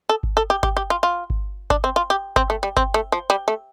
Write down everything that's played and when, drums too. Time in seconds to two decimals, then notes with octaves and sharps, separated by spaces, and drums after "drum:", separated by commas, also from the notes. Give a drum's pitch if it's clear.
0.09 A4
0.23 drum: kick G1
0.37 A4
0.50 G4
0.63 G4, drum: kick G1
0.77 G4
0.90 F4
1.03 F4
1.30 drum: kick G1
1.70 D4, drum: kick G1
1.84 C4
1.96 F4
2.10 G4
2.36 C4, drum: kick G1
2.50 A3
2.63 G3
2.77 C4, drum: kick G1
2.94 A3
3.12 F3
3.30 G3
3.48 A3